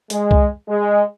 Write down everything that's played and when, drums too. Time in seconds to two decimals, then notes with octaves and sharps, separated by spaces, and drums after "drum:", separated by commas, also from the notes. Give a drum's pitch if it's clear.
0.10 G#3, drum: hi-hat
0.31 drum: kick C2
0.69 G#3